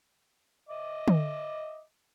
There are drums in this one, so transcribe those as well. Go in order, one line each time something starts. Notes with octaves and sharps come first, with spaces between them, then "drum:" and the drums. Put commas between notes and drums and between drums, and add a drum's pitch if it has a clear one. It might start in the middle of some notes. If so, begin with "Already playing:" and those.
D#5 E5 D6
drum: tom